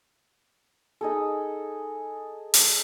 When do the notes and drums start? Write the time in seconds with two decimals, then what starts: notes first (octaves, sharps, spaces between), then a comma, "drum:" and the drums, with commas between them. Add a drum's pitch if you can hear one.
1.01 D#4 G#4 A4
2.54 drum: open hi-hat